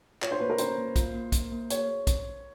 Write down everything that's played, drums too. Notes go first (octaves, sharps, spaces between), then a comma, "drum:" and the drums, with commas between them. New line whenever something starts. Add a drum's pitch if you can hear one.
F4 C#5, drum: clap
C5
A#3 B4
A#4
C#4 C5, drum: hi-hat
A#3
F4, drum: kick, hi-hat
A#3
A#3, drum: kick, hi-hat
A#3
G#4 C#5, drum: hi-hat
drum: kick, hi-hat